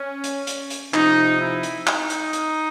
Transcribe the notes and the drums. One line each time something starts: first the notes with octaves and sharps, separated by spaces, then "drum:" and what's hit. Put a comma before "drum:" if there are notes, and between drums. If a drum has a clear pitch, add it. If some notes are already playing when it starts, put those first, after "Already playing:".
Already playing: C#4
drum: hi-hat
drum: hi-hat
drum: hi-hat
C3 F3 D#4, drum: clap
E4
drum: hi-hat
D#4, drum: clap
drum: hi-hat
drum: hi-hat